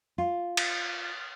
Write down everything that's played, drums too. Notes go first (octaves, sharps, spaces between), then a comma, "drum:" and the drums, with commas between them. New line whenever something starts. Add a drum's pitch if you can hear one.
F4
drum: cymbal